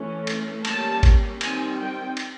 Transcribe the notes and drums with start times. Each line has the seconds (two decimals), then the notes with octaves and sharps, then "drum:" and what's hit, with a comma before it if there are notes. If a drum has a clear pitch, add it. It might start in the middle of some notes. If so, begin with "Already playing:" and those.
Already playing: E3 A3 C#4
0.27 drum: cymbal
0.65 G3 A#3 C#4 A5, drum: cymbal
1.03 drum: kick G#1, cymbal
1.41 D#3 G3 C4 G#5, drum: cymbal
1.78 G5
2.17 drum: cymbal